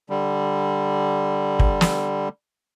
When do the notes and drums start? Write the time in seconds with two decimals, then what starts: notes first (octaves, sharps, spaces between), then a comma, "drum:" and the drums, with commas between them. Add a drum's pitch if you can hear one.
0.10 D3 G3
1.59 drum: kick
1.81 drum: snare